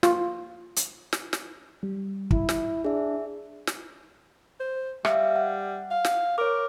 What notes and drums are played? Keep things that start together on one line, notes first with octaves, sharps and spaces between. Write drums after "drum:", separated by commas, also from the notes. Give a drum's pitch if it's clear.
F4, drum: snare
drum: hi-hat
drum: snare
drum: snare
G3
E4, drum: kick
drum: snare
D4 G#4 E5
drum: snare
C5
G3 E5 F5, drum: rim click
F#5
F5
drum: snare
A#4 C#5 D6